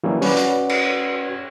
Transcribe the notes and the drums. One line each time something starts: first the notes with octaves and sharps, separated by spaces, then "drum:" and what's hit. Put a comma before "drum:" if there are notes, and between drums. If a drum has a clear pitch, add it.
E3 F#3 G3 A#3 C#4 E4
C#4 F#4 B4 D5 F#5 B5, drum: open hi-hat
drum: hi-hat
drum: cymbal